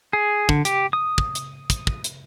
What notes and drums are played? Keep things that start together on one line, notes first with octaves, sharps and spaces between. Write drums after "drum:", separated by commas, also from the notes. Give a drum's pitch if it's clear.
G#4
D3, drum: kick
G4, drum: hi-hat
D#6
drum: kick
drum: hi-hat
drum: kick, hi-hat
drum: kick
drum: hi-hat